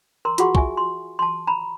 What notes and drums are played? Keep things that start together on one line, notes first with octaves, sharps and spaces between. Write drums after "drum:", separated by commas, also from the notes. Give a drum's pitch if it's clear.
A#4 A#5 C6
F4 F#4 G#4 F#5 C6 C#6, drum: hi-hat
E5 G#5 C#6, drum: kick
C6
A5 C6
A#5 B5